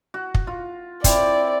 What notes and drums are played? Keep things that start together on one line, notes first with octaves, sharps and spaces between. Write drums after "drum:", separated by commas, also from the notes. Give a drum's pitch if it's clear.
F#4
drum: kick
F4
C4 E4 D5, drum: kick, hi-hat